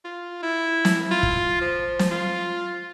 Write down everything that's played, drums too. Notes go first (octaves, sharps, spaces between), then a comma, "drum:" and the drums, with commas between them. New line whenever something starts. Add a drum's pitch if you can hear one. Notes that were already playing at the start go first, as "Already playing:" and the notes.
F4
E4
drum: snare
F4
drum: kick
F3
drum: snare
F4